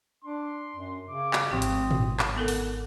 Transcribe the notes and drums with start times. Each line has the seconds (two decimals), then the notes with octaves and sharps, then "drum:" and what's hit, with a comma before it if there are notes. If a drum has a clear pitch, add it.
0.24 D4 C6
0.76 F#2
1.09 C#3 D6
1.33 drum: clap
1.51 G#1 F3 C4 G4 D#6
1.62 drum: hi-hat
1.91 drum: tom
2.19 drum: clap
2.36 D3 B3 A4 A#4 F#5
2.48 drum: open hi-hat